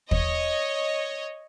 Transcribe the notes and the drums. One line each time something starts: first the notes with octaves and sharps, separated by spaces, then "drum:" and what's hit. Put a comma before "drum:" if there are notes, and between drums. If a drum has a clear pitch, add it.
C#5 D#5, drum: kick